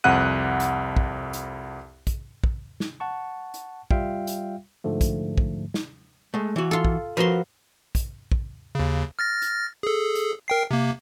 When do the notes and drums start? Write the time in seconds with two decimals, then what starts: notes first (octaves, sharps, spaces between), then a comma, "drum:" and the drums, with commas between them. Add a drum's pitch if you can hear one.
0.04 C2 F2 F#5 F#6 D#7
0.60 drum: hi-hat
0.97 drum: kick
1.33 drum: hi-hat
2.07 drum: kick, hi-hat
2.44 drum: kick
2.80 drum: snare
3.00 F#5 A5 C#6
3.54 drum: hi-hat
3.91 G3 F4 E5 F5 G5, drum: kick
4.27 drum: hi-hat
4.84 G#2 D3 F3 A3
5.01 drum: kick, hi-hat
5.38 drum: kick
5.74 drum: snare
6.34 G#3 A3
6.56 E3 F#4
6.71 F4 A4
6.85 drum: kick
7.17 F3 F#4 A#4 B4 C6
7.95 drum: kick, hi-hat
8.32 drum: kick
8.75 D#2 C#3
9.19 F6 A6 A#6
9.42 drum: hi-hat
9.83 G#4 A4
10.15 drum: hi-hat
10.48 A#4 G5 C7
10.71 C3 A#3